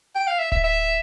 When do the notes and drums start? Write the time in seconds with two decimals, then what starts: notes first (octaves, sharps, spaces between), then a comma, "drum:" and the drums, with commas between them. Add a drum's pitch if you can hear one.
0.15 G5
0.27 F5
0.39 E5
0.52 E5, drum: kick D1
0.64 E5